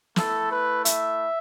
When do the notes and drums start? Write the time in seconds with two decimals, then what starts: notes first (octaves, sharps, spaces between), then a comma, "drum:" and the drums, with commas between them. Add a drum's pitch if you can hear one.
0.16 A3 E4 A4, drum: snare
0.51 B4
0.85 E5, drum: hi-hat